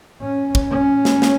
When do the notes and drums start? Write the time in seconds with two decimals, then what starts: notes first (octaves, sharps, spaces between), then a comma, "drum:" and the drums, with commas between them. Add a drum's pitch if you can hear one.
0.22 C#4
0.55 drum: kick
0.71 C#4
1.05 drum: snare
1.22 drum: snare